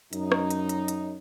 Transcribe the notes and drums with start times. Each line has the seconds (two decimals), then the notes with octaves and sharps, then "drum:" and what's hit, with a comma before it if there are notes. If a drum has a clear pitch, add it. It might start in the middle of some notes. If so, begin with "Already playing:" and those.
0.13 F#2 D#4, drum: hi-hat
0.32 drum: rim click
0.50 drum: hi-hat
0.69 drum: hi-hat
0.88 drum: hi-hat